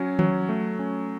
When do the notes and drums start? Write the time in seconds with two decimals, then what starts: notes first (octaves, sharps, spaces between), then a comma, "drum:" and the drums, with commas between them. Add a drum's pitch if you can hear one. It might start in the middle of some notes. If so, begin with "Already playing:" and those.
Already playing: F#3 C#4
0.19 F#3, drum: tom D#3
0.49 A3
0.79 C#4